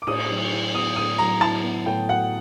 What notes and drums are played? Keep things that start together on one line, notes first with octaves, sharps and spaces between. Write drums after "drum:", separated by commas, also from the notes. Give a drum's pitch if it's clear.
D6
A2 D#6, drum: cymbal
F#3
E4
B3 D#6
A2 D#6
F#3 A#5
E4 A5
B3
A2 G5
F#3 F#5